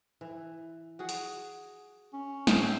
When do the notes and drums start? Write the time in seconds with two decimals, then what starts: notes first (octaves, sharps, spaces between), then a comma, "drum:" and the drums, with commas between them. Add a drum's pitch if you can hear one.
0.21 E3
0.99 F#4 G#4 F#5
1.09 drum: open hi-hat
2.13 C#4
2.47 A2 E4 G5, drum: snare